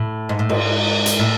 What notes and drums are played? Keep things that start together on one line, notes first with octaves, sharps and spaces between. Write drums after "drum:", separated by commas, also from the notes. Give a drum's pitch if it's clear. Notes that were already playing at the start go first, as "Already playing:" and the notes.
Already playing: A2
G#2
A2
G#2, drum: cymbal
drum: hi-hat
A2